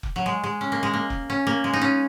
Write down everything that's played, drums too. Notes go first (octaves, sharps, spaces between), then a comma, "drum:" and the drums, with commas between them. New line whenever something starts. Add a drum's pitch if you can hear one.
drum: kick F1
F#3
G#3
G#3
C#4
A#3
G#3
A#3
drum: kick F1
C#4
A#3
G#3
D#4
C#4